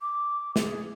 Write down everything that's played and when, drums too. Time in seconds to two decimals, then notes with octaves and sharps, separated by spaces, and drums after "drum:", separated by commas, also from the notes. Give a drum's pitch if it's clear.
0.01 D6
0.56 G#4, drum: snare